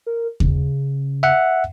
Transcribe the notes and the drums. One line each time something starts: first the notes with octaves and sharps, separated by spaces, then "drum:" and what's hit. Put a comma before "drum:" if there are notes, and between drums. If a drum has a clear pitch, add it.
A#4
C#3, drum: kick D#2
E5 F#5